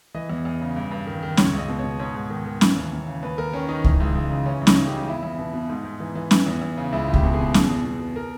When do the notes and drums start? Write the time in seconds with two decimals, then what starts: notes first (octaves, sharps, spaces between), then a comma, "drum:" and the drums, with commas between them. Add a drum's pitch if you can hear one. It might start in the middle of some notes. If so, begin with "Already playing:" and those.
0.14 E3 D#5
0.29 E2
0.45 E2
0.61 C#3
0.76 G2
0.91 G2
1.07 D#3
1.23 D#3
1.37 C#2 C#5, drum: snare C#4
1.53 C#2
1.58 D#5
1.68 B2
1.79 B2 C#5
1.99 G#2 C#5
2.14 G#2
2.30 D#3
2.46 D#3
2.61 E3, drum: snare C#4
2.76 D#2
2.92 D#2
3.07 C#3
3.22 D#2 B4
3.38 D#2 A#4
3.53 D#3 C#4
3.69 D#3 D#4
3.84 E3, drum: kick C#2
4.00 C#2
4.15 C#2
4.31 C#3
4.46 E3 C#4
4.61 C#2
4.67 D#4, drum: snare C#4
4.76 C#2
4.87 G4
4.92 C#3
5.08 E2 E4
5.23 E2
5.39 B2
5.54 B2
5.69 G#2 D#4
5.85 G#2
6.00 E3
6.15 E3
6.31 E3, drum: snare C#4
6.46 E2
6.62 E2
6.77 C#3
6.92 C#2 E4
7.08 C#2
7.13 G4, drum: kick C#2
7.23 B2
7.34 B2 G#4
7.54 E2, drum: snare C#4
7.70 E2
7.85 B2
8.00 B2
8.16 A#4